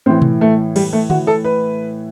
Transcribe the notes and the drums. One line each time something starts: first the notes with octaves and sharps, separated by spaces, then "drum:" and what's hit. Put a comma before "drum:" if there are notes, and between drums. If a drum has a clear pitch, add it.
A2 E3 C4
drum: tom B2
A3
G3, drum: cymbal
A3
F#4, drum: tom D3
A4
B4